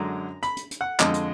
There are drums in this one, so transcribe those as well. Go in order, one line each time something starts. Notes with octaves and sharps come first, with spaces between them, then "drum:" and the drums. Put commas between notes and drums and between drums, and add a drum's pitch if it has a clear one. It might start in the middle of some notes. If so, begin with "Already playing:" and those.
Already playing: F#2 D3 G#3 D4 A#5
B5, drum: hi-hat
drum: hi-hat
drum: hi-hat
F#5
F2 D3 G#3 D#5, drum: clap
drum: hi-hat